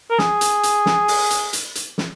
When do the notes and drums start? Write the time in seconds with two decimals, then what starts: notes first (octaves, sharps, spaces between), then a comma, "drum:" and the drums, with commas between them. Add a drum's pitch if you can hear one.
0.10 A#4
0.19 G#4, drum: snare
0.41 drum: hi-hat
0.63 drum: hi-hat
0.86 drum: snare
1.08 drum: open hi-hat
1.31 drum: hi-hat
1.53 drum: hi-hat
1.75 drum: hi-hat
1.98 drum: snare